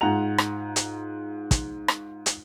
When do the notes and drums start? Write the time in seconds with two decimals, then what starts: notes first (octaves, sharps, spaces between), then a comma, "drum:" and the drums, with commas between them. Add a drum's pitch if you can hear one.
0.01 G#2 F4 F#5 A#5 F7
0.38 drum: rim click
0.76 drum: hi-hat
1.51 drum: kick, hi-hat
1.88 drum: rim click
2.26 drum: hi-hat